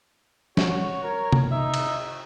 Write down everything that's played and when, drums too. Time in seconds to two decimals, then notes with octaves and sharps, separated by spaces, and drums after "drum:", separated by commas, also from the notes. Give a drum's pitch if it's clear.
0.57 F#4 C#5, drum: snare
1.03 A#4
1.33 drum: tom C3
1.52 D#4 E5
1.74 drum: cymbal